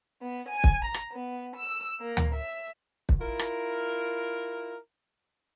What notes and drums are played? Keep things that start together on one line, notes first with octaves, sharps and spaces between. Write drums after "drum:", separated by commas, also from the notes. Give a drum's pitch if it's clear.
B3
G#5
drum: kick
A#5
drum: rim click
B3
E6
A#3
drum: tom D2
E5
drum: kick
E4 F4 A#4
drum: rim click